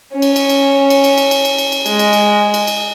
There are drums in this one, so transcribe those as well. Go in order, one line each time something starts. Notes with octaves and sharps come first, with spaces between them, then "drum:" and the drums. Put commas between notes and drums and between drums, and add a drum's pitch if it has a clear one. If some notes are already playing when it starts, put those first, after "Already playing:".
C#4
drum: cymbal
drum: cymbal
drum: cymbal
drum: cymbal
drum: cymbal
drum: cymbal
drum: cymbal
drum: cymbal
drum: cymbal
drum: cymbal
G#3, drum: cymbal
drum: cymbal
drum: cymbal
drum: cymbal
drum: cymbal